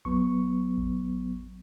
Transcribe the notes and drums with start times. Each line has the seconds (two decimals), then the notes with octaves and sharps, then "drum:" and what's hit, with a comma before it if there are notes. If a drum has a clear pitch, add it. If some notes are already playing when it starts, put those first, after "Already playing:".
0.05 F#3 B3 C#6, drum: kick A1
0.77 drum: kick A1